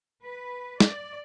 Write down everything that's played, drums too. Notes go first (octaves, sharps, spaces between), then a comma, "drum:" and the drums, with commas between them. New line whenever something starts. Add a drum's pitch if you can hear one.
B4
D5, drum: snare